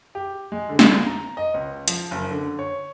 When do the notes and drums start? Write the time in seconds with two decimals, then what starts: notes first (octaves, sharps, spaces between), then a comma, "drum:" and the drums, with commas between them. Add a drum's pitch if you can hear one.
0.15 G4
0.52 G#3
0.69 D3
0.79 drum: snare
1.07 A#5
1.37 D#5
1.54 C#2
1.88 F3, drum: hi-hat
2.11 F#1
2.30 D3
2.59 C#5